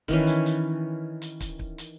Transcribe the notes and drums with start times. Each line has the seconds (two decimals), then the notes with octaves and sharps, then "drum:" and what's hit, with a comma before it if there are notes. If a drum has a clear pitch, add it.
0.08 D#3 E3 C#4, drum: kick
0.27 drum: hi-hat
0.46 drum: hi-hat
1.22 drum: hi-hat
1.40 drum: kick, hi-hat
1.59 drum: kick
1.78 drum: hi-hat